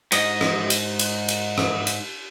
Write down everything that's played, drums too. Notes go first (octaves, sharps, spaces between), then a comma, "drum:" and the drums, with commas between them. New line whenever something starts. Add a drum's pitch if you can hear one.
G#2 D#5, drum: cymbal
drum: rim click
drum: cymbal
drum: cymbal
drum: cymbal
drum: rim click
drum: cymbal